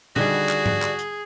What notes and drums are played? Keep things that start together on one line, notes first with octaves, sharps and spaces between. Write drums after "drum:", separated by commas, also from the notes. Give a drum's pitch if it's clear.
D3 D#3 G3 F#4 G#4 D5, drum: tom A#2
drum: clap
drum: tom G#2
drum: clap
drum: hi-hat